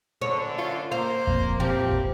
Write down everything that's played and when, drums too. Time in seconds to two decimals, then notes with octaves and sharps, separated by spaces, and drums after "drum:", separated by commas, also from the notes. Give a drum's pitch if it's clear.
0.21 F#2 D3 C#5
0.58 F4
0.92 A#3 C5 F5
1.27 F2 A#2, drum: kick
1.60 E2 F3 C4 G4
1.91 drum: kick